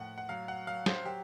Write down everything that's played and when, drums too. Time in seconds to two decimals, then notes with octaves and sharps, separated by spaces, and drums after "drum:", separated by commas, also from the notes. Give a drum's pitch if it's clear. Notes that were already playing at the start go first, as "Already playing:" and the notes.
Already playing: A2 F3 F#5
0.18 F#5
0.29 F#3 F5
0.48 F#5
0.67 F#3 F5
0.86 C5, drum: snare
1.05 F#3 G4